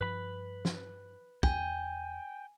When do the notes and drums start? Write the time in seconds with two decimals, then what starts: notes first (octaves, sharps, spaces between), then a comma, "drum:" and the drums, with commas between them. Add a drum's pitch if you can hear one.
0.01 G2 F3 B4 B5
0.65 drum: snare
1.43 E2 G5 G#5, drum: kick